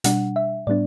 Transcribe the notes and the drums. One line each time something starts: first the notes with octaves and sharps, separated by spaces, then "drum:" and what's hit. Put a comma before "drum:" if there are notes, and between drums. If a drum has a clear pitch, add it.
B2 G3 D4 F#5, drum: hi-hat
E5
A2 G3 B3 D4 D5